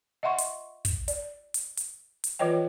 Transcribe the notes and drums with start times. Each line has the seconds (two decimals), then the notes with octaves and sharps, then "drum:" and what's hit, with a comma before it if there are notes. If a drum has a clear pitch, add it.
0.23 D#5 E5 F#5 C6 C#6
0.38 drum: hi-hat
0.85 drum: kick, hi-hat
1.08 D5, drum: hi-hat
1.54 drum: hi-hat
1.77 drum: hi-hat
2.24 drum: hi-hat
2.39 E3 F4 B4 C#5 D#5 G5